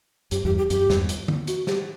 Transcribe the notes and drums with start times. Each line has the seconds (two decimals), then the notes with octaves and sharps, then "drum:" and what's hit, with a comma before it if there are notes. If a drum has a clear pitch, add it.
0.31 F#2 G4, drum: hi-hat
0.45 E2 G2 G4
0.58 G4
0.70 F#2 G4, drum: hi-hat
0.90 E2 G2, drum: snare
1.09 drum: hi-hat
1.28 drum: tom D3
1.47 F#4, drum: hi-hat
1.67 G4, drum: snare